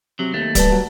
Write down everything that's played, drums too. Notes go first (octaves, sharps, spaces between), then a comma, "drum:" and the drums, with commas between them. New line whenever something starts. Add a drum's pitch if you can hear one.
C3 F#3
D#2 A3
G3 B4 A5, drum: kick, hi-hat
F#3